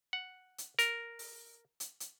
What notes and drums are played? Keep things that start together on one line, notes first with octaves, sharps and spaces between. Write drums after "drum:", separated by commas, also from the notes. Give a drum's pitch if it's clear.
F#5
drum: hi-hat
A#4, drum: hi-hat
drum: open hi-hat
drum: hi-hat
drum: hi-hat